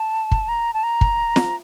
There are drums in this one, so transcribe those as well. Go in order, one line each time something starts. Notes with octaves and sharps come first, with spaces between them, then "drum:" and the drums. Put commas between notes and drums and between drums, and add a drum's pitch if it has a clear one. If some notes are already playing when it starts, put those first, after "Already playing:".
Already playing: A5
drum: kick
A#5
A5
A#5
drum: kick
drum: snare